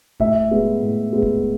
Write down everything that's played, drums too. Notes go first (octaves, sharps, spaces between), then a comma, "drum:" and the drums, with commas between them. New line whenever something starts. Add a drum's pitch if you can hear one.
A2 E5, drum: kick D#1
G#3 B3
A2
G#3 B3
drum: kick D#1